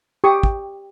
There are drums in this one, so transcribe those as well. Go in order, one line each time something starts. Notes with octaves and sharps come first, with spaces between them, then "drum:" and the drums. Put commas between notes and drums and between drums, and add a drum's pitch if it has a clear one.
G4 C#6 D#6
drum: kick